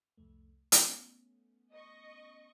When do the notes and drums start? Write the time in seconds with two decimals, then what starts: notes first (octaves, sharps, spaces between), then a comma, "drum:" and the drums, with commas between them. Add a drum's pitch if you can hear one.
0.18 C2 F2 A3
0.72 A3 B3 C#4, drum: hi-hat
1.72 D#5 C#6